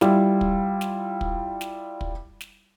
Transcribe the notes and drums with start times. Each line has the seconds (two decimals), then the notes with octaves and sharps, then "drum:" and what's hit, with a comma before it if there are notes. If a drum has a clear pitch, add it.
0.01 G3 E4 F4, drum: snare
0.41 drum: kick
0.81 drum: snare
1.21 drum: kick
1.61 drum: snare
2.01 drum: kick
2.41 drum: snare